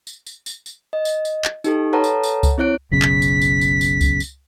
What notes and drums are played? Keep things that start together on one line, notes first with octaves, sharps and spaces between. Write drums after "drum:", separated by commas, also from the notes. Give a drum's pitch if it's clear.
drum: tambourine
drum: tambourine
drum: tambourine
drum: tambourine
D#5
drum: tambourine
drum: tambourine
drum: clap
D#4 G4 A4, drum: tambourine
A4 B4 C#5 F#5 A5 A#5
drum: tambourine
drum: tambourine
drum: kick C#2, tambourine
C4 E4 C#5 F#6 D7
F#1 B1 C#3 B6
drum: clap
drum: tambourine
drum: tambourine
drum: tambourine
drum: tambourine
drum: kick C#2, tambourine
drum: tambourine